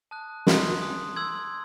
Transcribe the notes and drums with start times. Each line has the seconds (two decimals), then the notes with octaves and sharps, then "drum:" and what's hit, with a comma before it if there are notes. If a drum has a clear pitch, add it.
0.11 A5 D#6 F#6
0.47 G#5 C6 D#6 F#6, drum: snare
0.81 G#5 C6 D#6 F#6
1.16 C6 E6 G#6